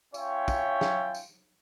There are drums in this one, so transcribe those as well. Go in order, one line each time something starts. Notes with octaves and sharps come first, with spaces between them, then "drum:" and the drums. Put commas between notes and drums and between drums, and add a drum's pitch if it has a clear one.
C#4 F4 C#5 E5 G5, drum: tambourine
drum: kick, tambourine
drum: snare
drum: tambourine